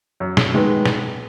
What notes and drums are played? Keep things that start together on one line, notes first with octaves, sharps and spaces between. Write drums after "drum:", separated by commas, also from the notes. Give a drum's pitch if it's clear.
F#2
drum: snare
D#3 G#3 B3
drum: snare